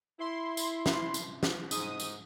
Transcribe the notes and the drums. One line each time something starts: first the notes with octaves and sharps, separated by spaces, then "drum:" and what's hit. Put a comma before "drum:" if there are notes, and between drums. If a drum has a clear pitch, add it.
E4 C6
drum: tambourine
drum: snare
drum: tambourine
drum: snare
G#2 D#6, drum: tambourine
drum: tambourine